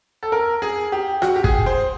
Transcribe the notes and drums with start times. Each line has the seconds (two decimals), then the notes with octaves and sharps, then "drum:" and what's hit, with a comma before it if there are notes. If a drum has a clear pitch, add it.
0.23 A4
0.32 A#4
0.62 G#4
0.92 G4
1.22 F#4, drum: rim click
1.36 G4
1.44 G#4, drum: kick
1.66 C5